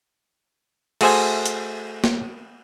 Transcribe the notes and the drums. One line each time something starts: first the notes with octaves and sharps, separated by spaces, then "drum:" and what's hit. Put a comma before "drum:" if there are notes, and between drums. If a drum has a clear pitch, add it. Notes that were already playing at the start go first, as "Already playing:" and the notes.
A3 F#4 G#4 C5 E5 G#5, drum: cymbal
drum: hi-hat
drum: snare A#3